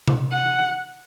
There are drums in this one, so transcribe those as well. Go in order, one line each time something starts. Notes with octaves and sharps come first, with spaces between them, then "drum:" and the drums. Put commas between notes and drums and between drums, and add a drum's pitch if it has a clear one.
drum: tom C3
F#5